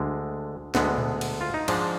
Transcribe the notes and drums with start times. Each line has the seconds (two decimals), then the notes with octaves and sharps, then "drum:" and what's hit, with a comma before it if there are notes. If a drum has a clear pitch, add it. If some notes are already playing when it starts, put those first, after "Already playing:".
Already playing: D2 D3 G#3
0.75 D2 D3 G#3 B3, drum: snare
0.98 drum: tom A#2
1.21 drum: cymbal
1.41 F4
1.54 D#4
1.68 G#2 F3 G#3 D4, drum: cymbal